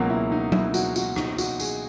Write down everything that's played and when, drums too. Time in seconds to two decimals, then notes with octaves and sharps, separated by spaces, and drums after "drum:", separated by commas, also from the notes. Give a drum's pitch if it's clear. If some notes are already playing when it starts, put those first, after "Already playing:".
Already playing: C#2 B2 F#3 A#3
0.10 E4
0.32 D#4
0.52 E4, drum: tom F#3
0.74 F#4, drum: tambourine
0.96 F#4, drum: tambourine
1.16 D#4, drum: rim click
1.38 F#4, drum: tambourine
1.60 G#4, drum: tambourine